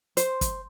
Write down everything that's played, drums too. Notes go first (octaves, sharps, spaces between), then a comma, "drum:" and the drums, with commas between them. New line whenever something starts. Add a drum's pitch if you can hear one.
C5, drum: hi-hat
drum: kick, hi-hat